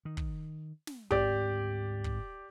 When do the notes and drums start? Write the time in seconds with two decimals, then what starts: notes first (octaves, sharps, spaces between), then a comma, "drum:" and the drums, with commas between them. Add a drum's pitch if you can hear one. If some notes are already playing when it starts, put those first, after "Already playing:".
0.05 D#3
0.17 drum: kick
0.87 drum: snare
1.11 D2 G#2 C4 G4 D5, drum: kick
2.04 drum: kick